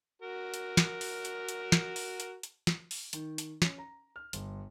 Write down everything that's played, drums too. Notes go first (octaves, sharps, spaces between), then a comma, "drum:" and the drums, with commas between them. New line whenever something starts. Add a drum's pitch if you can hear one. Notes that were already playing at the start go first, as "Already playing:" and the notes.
F#4 A#4
drum: hi-hat
drum: snare
drum: open hi-hat
drum: hi-hat
drum: hi-hat
drum: snare
drum: open hi-hat
drum: hi-hat
drum: hi-hat
drum: snare
drum: open hi-hat
D#3, drum: hi-hat
drum: hi-hat
C#4, drum: snare
A#5
F6
G1, drum: hi-hat